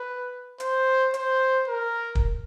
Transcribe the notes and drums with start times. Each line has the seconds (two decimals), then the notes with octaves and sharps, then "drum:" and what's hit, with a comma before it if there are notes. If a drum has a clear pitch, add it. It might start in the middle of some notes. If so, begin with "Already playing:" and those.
Already playing: B4
0.60 C5, drum: hi-hat
1.14 C5, drum: hi-hat
1.68 A#4
2.15 drum: kick